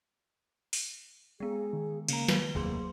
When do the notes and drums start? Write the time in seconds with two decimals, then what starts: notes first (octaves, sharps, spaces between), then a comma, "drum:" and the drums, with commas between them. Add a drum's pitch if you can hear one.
0.73 drum: open hi-hat
1.40 G#3 B3 G#4
1.73 D#3
2.09 C#3 A#3 A#5, drum: cymbal
2.29 D#3 B4 G7, drum: snare
2.55 F1 D#2 F#3 A#3 G#4 C6